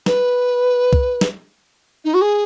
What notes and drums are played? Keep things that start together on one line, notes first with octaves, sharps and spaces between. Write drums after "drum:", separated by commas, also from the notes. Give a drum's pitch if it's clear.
B4, drum: snare
drum: kick C2
drum: snare
D#4
F#4
G#4